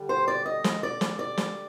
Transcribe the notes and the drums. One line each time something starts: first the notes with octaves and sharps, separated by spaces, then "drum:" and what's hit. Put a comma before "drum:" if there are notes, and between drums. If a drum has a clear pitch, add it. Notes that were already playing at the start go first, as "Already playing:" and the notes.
Already playing: D3 G3
C5
D5
D#5
drum: snare
D5
drum: snare
D5
drum: snare